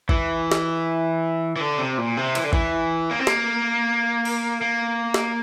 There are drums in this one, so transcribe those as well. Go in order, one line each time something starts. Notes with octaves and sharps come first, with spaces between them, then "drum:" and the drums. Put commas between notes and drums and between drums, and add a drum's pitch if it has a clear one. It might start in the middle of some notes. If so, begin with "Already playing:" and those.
E3, drum: kick
drum: snare
E3
D3
C3
A#2
C3
E3, drum: cymbal
D3
E3, drum: kick
A#3
C4
A#3, drum: snare
drum: cymbal
A#3
drum: snare